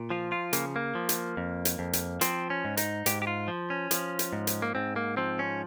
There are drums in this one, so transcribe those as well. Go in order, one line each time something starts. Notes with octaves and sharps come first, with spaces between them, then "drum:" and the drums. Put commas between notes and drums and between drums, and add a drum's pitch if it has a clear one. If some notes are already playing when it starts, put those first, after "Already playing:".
Already playing: A#2
F3 F4
F4
C#3 A#3, drum: hi-hat
A#3
F3
drum: hi-hat
F2
drum: hi-hat
F2
drum: hi-hat
F3 C4, drum: hi-hat
C#4
G#2
D#4, drum: hi-hat
G#2 G4, drum: hi-hat
G4
F4
F3
C#4
F3, drum: hi-hat
drum: hi-hat
G#2
drum: hi-hat
A#3
G#2 C4
A#3
F3 C4
C#4